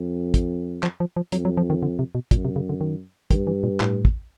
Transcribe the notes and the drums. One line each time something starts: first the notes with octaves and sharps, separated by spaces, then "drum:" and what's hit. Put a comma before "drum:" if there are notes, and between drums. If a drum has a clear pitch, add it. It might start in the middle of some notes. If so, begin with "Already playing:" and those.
Already playing: F2
drum: kick, hi-hat
F3, drum: clap
F3
F3
F2 F#3, drum: hi-hat
F#3
F3
D#3
D3
C3
B2
F#2 A#2, drum: kick, hi-hat
C3
C#3
D3
D#3
G2 D#3, drum: kick, hi-hat
E3
A#2
A2, drum: clap
drum: kick